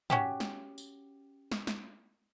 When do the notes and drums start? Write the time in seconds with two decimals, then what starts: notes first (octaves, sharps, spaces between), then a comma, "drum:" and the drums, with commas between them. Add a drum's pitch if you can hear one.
0.10 C#4 F#4 G4, drum: tom
0.40 drum: snare
0.78 drum: tambourine
1.52 drum: snare
1.67 drum: snare